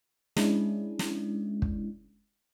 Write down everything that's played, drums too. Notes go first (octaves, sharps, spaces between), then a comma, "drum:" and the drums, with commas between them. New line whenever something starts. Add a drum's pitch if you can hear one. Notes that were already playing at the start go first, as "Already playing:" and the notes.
G#3 C#4 D4 E4, drum: snare
drum: snare
drum: kick